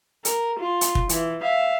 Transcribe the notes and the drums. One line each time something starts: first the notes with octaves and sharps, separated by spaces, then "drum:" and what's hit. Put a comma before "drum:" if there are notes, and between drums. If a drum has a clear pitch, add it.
A#4, drum: hi-hat
F4
drum: hi-hat
drum: kick
E3, drum: hi-hat
E5 F5